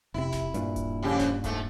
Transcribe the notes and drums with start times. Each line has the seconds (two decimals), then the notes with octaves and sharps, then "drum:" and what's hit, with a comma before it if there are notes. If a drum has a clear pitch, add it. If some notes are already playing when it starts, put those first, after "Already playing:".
0.14 F1 C3 E4
0.32 drum: snare D1
0.54 G2 A#2, drum: hi-hat
0.76 drum: kick D1, hi-hat
1.03 F2 C#3 G4
1.19 drum: snare D1
1.44 G#2 A3, drum: kick D1, hi-hat